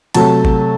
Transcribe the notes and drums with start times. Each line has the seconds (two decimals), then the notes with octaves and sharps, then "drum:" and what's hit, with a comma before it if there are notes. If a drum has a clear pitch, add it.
0.14 C3 F#3 A3 A5, drum: cymbal
0.45 drum: kick G#1